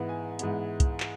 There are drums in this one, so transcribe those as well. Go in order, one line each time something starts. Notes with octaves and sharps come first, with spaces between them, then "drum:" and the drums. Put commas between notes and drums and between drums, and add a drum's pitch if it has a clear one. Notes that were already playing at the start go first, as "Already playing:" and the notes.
Already playing: G#2 E3 G#3 B3
G#5
G#2 E3 G#3 B3, drum: hi-hat
drum: kick, hi-hat
drum: clap